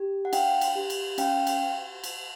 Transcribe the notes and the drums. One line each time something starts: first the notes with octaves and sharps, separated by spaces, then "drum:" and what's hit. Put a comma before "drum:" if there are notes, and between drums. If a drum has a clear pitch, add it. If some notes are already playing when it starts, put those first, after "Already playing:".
Already playing: G4
F#5
D4 F5 G5, drum: cymbal
drum: cymbal
G4
drum: cymbal
C#4 F5 G5, drum: cymbal
drum: cymbal
drum: cymbal